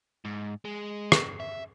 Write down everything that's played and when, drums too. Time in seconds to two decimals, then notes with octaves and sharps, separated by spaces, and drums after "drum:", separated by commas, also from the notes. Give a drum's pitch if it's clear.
0.25 G#2
0.65 G#3
1.12 drum: rim click
1.40 E5